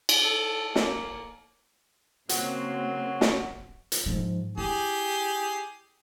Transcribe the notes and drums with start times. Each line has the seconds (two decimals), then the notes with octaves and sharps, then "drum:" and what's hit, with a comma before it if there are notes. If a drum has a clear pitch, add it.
0.09 drum: cymbal
0.22 A4
0.75 A#3, drum: snare
2.29 C#3 F#3 A#3 C4 F#4, drum: hi-hat
3.21 drum: snare
3.92 drum: hi-hat
4.06 G#2 F3
4.58 E4 G4 G#4